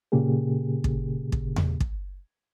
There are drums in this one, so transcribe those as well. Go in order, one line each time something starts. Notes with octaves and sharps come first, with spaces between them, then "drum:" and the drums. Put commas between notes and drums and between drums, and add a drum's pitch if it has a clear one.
A#2 C#3 A#3 G4 G#4
drum: kick
drum: kick
drum: tom E2
drum: kick